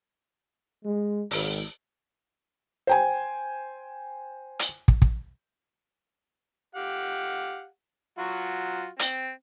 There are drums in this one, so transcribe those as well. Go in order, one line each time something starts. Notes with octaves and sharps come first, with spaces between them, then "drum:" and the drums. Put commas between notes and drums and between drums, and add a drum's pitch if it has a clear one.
G#3
G#1, drum: open hi-hat
C5 G5 G#5
drum: hi-hat
drum: kick
drum: kick
G4 F5 F#5
F#3 F4 F#4
C4, drum: hi-hat